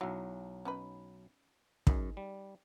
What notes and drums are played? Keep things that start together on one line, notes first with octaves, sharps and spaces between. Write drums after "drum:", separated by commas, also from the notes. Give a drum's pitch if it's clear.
B1 F#3 E4 F#4 F5
C#4 D#4 B4
F#2 D#4 G#4, drum: kick
G3